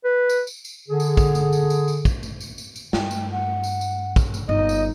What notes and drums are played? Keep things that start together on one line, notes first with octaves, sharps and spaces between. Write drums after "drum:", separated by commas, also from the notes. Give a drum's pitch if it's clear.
B4
drum: tambourine
drum: tambourine
drum: tambourine
D3 G#4
drum: tambourine
drum: kick, tambourine
drum: tambourine
drum: tambourine
drum: tambourine
drum: tambourine
drum: kick, tambourine
drum: tambourine
drum: tambourine
drum: tambourine
drum: tambourine
G2 G5, drum: snare
drum: tambourine
F#5
drum: tambourine
drum: tambourine
drum: kick, tambourine
drum: tambourine
G1 D#4 D#5
drum: tambourine